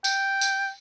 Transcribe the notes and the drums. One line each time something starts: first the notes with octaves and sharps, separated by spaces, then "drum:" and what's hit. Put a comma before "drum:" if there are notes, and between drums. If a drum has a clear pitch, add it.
G5, drum: tambourine
drum: tambourine